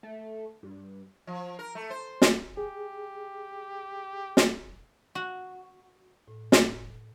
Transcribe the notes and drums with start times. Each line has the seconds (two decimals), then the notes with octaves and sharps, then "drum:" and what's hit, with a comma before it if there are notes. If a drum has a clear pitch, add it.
0.03 A3
0.63 G2
1.27 F3
1.59 A#4
1.75 A3
1.90 C5
2.22 drum: snare
2.57 G4 G#4
4.37 drum: snare
5.15 F#4
6.28 A2
6.52 drum: snare